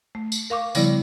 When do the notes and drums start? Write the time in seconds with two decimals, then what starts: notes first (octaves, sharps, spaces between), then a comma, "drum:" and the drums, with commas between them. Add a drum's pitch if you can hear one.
0.15 A3
0.32 drum: tambourine
0.50 A#4 F5 C#6 D6
0.75 C#3 F3 G3 B3 E4 D5, drum: tambourine